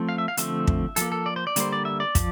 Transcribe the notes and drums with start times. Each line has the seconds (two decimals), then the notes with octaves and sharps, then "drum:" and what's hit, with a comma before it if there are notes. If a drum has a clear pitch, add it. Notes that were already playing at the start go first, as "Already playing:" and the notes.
Already playing: F3 A3 C4
0.09 F5
0.18 E5
0.28 F5
0.37 D3 F3 A3 C4 E5, drum: hi-hat
0.67 drum: kick
0.96 F3 A#3 A4, drum: hi-hat
1.12 A4
1.26 D5
1.36 C5
1.47 D5
1.56 D3 G3 A#3 C5, drum: hi-hat
1.72 D5
1.85 E5
2.00 D5
2.15 F3, drum: kick, hi-hat